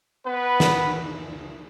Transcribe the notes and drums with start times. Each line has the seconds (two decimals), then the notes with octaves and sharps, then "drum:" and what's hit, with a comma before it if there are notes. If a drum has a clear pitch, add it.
0.24 B3 B4
0.60 drum: snare